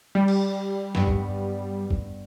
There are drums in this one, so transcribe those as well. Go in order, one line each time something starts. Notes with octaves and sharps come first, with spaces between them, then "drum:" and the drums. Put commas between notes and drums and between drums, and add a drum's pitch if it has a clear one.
G3
drum: cymbal
G2 B3, drum: snare
drum: kick G#1
drum: kick G#1